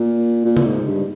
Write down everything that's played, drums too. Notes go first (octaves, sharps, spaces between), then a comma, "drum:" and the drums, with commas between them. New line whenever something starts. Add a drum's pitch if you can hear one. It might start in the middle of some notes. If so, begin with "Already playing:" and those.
Already playing: A#2
A#2
drum: tom C#3
G#2
G2